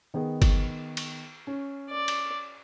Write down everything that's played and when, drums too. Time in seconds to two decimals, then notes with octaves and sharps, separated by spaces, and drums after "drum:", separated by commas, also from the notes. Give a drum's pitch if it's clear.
0.14 D#3 B3 G#4
0.42 drum: kick G1, cymbal
0.97 drum: cymbal
1.47 C#4
1.89 D5
2.08 drum: cymbal